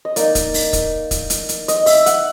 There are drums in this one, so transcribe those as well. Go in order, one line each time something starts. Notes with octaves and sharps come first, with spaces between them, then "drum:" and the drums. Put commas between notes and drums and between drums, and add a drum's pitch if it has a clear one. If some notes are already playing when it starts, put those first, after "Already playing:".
D#5
A#3 D#4 D5, drum: hi-hat
drum: kick, hi-hat
drum: open hi-hat
drum: kick, hi-hat
drum: kick, hi-hat
drum: hi-hat
drum: hi-hat
D#5, drum: hi-hat
E5, drum: open hi-hat
F#5, drum: hi-hat